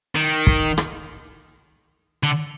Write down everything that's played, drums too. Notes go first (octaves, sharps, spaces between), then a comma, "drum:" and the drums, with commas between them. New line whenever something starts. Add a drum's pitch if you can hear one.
D#3
drum: kick
drum: rim click
D3